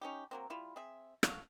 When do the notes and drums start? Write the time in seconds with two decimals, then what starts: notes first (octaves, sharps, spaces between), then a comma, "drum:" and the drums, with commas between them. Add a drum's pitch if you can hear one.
0.01 C#4 D#4 G4
0.31 F#3 A#3 C4
0.50 G3 E4 F4
0.76 C4 G#4 E5
1.23 F#4 A4 F5, drum: rim click